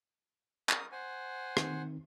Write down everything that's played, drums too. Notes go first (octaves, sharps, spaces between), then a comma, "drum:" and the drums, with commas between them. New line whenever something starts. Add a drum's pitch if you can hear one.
A#4 D#6, drum: clap
C5 F#5 G#5
D#3 C4 D#4, drum: rim click